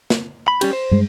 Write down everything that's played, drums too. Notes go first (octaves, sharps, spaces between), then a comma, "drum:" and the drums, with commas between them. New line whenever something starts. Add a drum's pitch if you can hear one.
drum: snare
B5
G3 C#4 G4, drum: cymbal
C5
G2 G#3